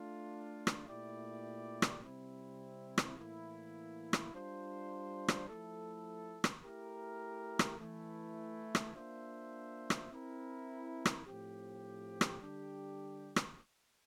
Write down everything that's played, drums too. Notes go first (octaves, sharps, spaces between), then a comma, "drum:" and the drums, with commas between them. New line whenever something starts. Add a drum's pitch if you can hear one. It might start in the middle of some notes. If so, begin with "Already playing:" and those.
Already playing: A3 D4 F4
drum: rim click
A#2 A3 E4 G4 D5
drum: rim click
C3 G3 C4 E4
drum: rim click
A2 E3 A#3 E4
drum: rim click
G3 D4 F4 C5
drum: rim click
F3 A3 E4 A4
drum: rim click
A3 E4 G4 A#4
drum: rim click
E3 A3 E4
drum: rim click
A#3 D4 F4 C5 E5
drum: rim click
C4 E4 A#4
drum: rim click
A2 F3 C4 G4
drum: rim click
D3 G3 D4 G4
drum: rim click